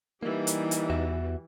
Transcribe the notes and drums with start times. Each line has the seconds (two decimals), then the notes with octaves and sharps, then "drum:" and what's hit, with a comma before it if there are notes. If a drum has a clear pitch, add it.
0.23 E3 G3 A#3 D#4 G4
0.47 drum: hi-hat
0.71 drum: hi-hat
0.90 E2 F#4 E5